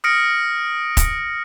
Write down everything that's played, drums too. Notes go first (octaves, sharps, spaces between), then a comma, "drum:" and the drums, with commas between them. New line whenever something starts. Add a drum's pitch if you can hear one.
D#6 F6 A#6 C#7 D7
drum: kick, hi-hat